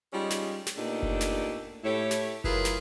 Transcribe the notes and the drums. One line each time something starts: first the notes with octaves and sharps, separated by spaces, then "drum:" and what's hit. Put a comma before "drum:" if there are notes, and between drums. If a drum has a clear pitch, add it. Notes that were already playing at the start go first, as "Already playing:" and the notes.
G3 G#3 C#4 D#4 F4
drum: snare
drum: snare
A#2 A3 B3 D4 D#4 G4
drum: kick F#1
drum: snare
A2 A3 E4 G4 C#5
drum: snare
F#3 E4 F4 G#4 A#4 B4, drum: kick F#1
drum: snare